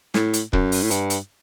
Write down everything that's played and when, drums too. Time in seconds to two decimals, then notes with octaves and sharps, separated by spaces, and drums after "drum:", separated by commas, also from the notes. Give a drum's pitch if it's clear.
0.14 A2, drum: snare
0.34 drum: hi-hat
0.53 F#2, drum: kick
0.72 drum: open hi-hat
0.82 A2
0.91 G2, drum: hi-hat
1.10 drum: hi-hat